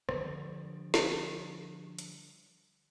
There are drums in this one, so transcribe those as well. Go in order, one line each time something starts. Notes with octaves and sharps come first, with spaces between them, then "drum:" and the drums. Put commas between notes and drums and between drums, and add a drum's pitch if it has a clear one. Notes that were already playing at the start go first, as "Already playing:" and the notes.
D3 F3 G3, drum: rim click
drum: snare
drum: hi-hat